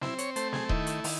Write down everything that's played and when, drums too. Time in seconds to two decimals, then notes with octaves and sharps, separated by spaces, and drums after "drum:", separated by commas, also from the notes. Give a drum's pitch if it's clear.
0.02 C4 E4, drum: snare
0.18 C#5, drum: hi-hat
0.36 A3 C5, drum: hi-hat
0.53 G#4, drum: snare
0.69 D#3 E4, drum: kick D#1
0.87 drum: hi-hat
1.04 D#3, drum: open hi-hat